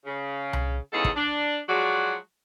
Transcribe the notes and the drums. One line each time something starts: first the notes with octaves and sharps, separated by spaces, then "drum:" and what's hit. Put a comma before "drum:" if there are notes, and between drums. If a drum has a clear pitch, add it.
C#3
drum: tom C2
E2 G#2 C#3 G#4 A4
drum: kick
D4
F3 F#3 G#3 F#4 D5